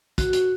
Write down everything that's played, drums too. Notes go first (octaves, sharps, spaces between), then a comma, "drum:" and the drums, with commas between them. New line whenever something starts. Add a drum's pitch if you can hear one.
F#4, drum: kick, hi-hat
drum: hi-hat